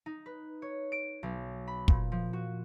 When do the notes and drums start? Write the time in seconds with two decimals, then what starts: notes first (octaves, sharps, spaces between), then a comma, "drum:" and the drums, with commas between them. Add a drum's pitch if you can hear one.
0.06 D#4
0.26 B4
0.62 C#5
0.92 D7
1.23 B1
1.68 B5
1.88 A#2, drum: kick
2.12 F3
2.33 F#4